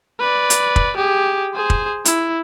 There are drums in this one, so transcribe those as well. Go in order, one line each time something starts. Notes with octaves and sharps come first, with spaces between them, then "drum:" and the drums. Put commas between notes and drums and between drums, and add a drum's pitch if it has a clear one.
B4 D5
drum: hi-hat
drum: kick
G4 G#4
G#4 C5
drum: kick
E4, drum: hi-hat